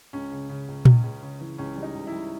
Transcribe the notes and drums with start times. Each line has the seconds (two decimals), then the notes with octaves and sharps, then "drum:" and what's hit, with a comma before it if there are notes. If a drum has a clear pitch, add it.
0.13 C#2 C#4
0.32 C#3
0.50 C#3
0.68 C#2
0.85 C#2, drum: tom A#2
1.03 C#2
1.22 C#3
1.41 E3
1.58 C#2 C#4
1.76 G3
1.83 D#4
1.94 C#2
2.07 E4
2.12 G3